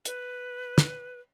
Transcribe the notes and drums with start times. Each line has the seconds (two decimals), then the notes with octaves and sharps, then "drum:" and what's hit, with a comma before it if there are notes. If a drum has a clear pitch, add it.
0.05 B4, drum: hi-hat
0.78 drum: snare